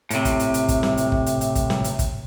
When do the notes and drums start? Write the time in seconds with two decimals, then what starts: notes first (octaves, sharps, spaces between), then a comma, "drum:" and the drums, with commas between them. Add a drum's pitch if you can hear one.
0.10 A2 C3, drum: hi-hat
0.25 drum: kick, hi-hat
0.39 drum: hi-hat
0.54 drum: hi-hat
0.68 drum: kick, hi-hat
0.83 drum: snare
0.97 drum: hi-hat
1.12 drum: kick
1.26 drum: hi-hat
1.41 drum: hi-hat
1.55 drum: kick, hi-hat
1.70 drum: snare
1.84 drum: hi-hat
1.99 drum: kick, hi-hat